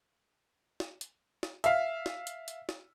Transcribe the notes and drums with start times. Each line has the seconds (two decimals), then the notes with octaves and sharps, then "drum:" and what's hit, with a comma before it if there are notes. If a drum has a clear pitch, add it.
0.80 drum: snare
1.01 drum: hi-hat
1.43 drum: snare
1.64 E5 F5, drum: hi-hat
2.06 drum: snare
2.27 drum: hi-hat
2.48 drum: hi-hat
2.69 drum: snare